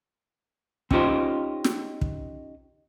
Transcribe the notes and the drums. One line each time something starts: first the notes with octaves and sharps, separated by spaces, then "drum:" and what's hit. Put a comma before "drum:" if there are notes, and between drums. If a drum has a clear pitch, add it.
C4 C#4 D#4 F4 G4 C5, drum: kick
drum: snare
drum: kick